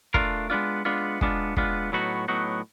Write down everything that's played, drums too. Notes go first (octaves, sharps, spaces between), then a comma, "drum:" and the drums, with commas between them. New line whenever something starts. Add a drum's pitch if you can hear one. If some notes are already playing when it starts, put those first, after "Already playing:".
A3 D4 F4 A#4, drum: kick
G#3 B3 D4 F4
G#3 B3 D4 F4
G#3 B3 D4 F4, drum: kick
G#3 B3 D4 F4, drum: kick
A2 F#3 B3 D#4 F#4
A2 F#3 B3 D#4 F#4